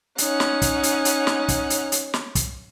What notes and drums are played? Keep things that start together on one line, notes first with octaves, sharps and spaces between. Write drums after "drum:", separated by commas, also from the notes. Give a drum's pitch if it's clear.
C#4 D#4 F#5, drum: hi-hat
drum: snare
drum: kick, hi-hat
drum: hi-hat
drum: hi-hat
drum: snare
drum: kick, hi-hat
drum: hi-hat
drum: hi-hat
drum: snare
drum: kick, hi-hat